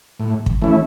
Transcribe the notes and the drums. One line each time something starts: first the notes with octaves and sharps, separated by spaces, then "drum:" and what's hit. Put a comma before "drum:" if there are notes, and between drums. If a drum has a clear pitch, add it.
A2
drum: kick
E3 A3 C#4 E4